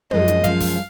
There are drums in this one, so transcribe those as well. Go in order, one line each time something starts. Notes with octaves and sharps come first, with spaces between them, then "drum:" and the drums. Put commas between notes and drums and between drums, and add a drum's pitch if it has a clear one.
F#2 F3 G#3 C#4 D#5, drum: tom
drum: hi-hat
F#2 F3 G#3 C#4 F5, drum: kick, hi-hat
drum: kick, open hi-hat